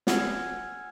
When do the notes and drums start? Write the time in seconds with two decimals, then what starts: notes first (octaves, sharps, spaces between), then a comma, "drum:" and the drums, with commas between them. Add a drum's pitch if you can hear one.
0.07 F#5 G#5 E6 F6 G#6, drum: snare